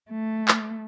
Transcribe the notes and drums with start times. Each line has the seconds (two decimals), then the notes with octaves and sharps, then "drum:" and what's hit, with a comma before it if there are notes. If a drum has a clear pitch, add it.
0.12 A3
0.48 drum: clap